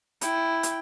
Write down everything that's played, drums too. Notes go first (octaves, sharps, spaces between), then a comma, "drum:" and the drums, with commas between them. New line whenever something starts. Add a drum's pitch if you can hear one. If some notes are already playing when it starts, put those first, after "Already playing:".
E4 G5, drum: hi-hat
drum: hi-hat